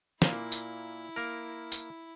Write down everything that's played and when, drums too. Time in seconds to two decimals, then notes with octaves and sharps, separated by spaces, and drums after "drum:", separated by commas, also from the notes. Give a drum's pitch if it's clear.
0.22 A#2 A#3 E4, drum: snare
0.52 drum: tambourine
1.16 A#3 A#4
1.72 drum: tambourine